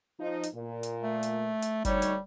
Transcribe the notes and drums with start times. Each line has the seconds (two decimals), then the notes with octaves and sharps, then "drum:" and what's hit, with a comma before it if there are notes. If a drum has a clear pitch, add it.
0.20 F3 D#4
0.43 drum: hi-hat
0.55 A#2
0.83 drum: hi-hat
1.03 A3
1.23 drum: hi-hat
1.62 drum: hi-hat
1.85 D2 G3 D#4 C#5, drum: kick, hi-hat
2.02 drum: hi-hat